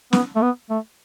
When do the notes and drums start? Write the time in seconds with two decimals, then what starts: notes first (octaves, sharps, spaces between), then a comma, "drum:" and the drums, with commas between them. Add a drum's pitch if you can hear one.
0.13 B3, drum: snare
0.36 A3
0.42 B3
0.70 A3